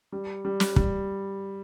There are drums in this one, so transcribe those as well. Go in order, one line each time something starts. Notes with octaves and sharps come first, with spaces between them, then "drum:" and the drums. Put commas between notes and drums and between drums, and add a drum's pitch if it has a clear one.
G3
G3
drum: snare
G3, drum: kick